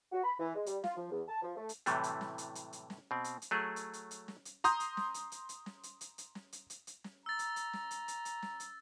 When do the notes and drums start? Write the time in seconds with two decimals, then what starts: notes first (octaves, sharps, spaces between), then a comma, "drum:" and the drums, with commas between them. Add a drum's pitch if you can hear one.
0.12 F#4
0.24 B5
0.39 E3
0.54 G#3
0.66 G3, drum: hi-hat
0.84 F4, drum: snare
0.97 F3
1.11 E2
1.28 A5
1.42 F3
1.57 A3
1.69 drum: hi-hat
1.86 A2 C3 E3 F#3 G3 A3, drum: hi-hat
2.03 drum: hi-hat
2.21 drum: snare
2.38 drum: hi-hat
2.55 drum: hi-hat
2.73 drum: hi-hat
2.90 drum: snare
3.11 B2 C4
3.24 drum: hi-hat
3.42 drum: hi-hat
3.51 F#3 A3 G#4
3.76 drum: hi-hat
3.93 drum: hi-hat
4.11 drum: hi-hat
4.28 drum: snare
4.45 drum: hi-hat
4.64 A#5 C6 D#6 G6, drum: hi-hat
4.80 drum: hi-hat
4.97 drum: snare
5.14 drum: hi-hat
5.32 drum: hi-hat
5.49 drum: hi-hat
5.66 drum: snare
5.83 drum: hi-hat
6.01 drum: hi-hat
6.18 drum: hi-hat
6.35 drum: snare
6.52 drum: hi-hat
6.70 drum: hi-hat
6.87 drum: hi-hat
7.04 drum: snare
7.26 A#5 E6 A6
7.39 drum: hi-hat
7.56 drum: hi-hat
7.73 drum: snare
7.91 drum: hi-hat
8.08 drum: hi-hat
8.25 drum: hi-hat
8.42 drum: snare
8.60 drum: hi-hat